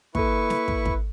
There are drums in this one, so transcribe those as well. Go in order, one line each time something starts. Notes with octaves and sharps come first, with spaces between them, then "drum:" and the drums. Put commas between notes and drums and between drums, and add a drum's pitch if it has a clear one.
A#3 E4 A4 B4 C#6, drum: kick
drum: snare
drum: kick
drum: kick